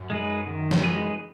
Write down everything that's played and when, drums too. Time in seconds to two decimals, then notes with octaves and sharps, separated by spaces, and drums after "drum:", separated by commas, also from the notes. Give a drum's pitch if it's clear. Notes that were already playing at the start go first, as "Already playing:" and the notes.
Already playing: F#2
0.10 G#3 D#4 G#4 B4
0.47 D#3
0.71 drum: snare
0.84 G#3 D#4 G#4 B4